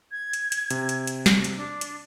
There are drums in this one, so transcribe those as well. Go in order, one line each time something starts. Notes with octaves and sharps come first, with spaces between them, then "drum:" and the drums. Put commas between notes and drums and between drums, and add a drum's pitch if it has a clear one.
G#6
drum: hi-hat
drum: hi-hat
C3, drum: hi-hat
drum: hi-hat
drum: hi-hat
drum: snare
drum: hi-hat
D4
drum: hi-hat